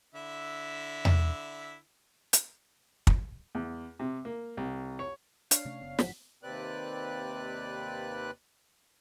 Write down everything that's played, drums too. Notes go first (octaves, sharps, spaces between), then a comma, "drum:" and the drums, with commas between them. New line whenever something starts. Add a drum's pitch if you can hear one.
D3 E4 E5
drum: tom E2
drum: hi-hat
drum: kick
E2
C3
A#3
C2
C#5
D4 C#5 F5, drum: hi-hat
C3 A3 C#4
F#1 C#3 B3
F#1 G#2 F3 F#3 F#5 B6, drum: snare
D#2 C3 C4 B4 D5 F#6